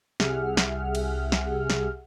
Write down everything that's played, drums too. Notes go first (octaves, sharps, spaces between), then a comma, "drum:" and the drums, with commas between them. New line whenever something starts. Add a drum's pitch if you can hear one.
C2 G4 G#4 E5 F#5 F6, drum: snare
drum: snare
drum: cymbal
drum: snare
drum: snare